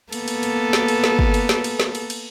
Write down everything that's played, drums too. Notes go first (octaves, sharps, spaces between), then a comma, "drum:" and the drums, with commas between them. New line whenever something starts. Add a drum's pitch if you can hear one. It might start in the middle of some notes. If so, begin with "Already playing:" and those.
A#3 B3 A4, drum: cymbal
drum: cymbal
drum: cymbal
drum: snare
drum: cymbal
drum: snare
drum: kick
drum: cymbal
drum: snare
drum: cymbal
drum: snare
drum: cymbal
drum: cymbal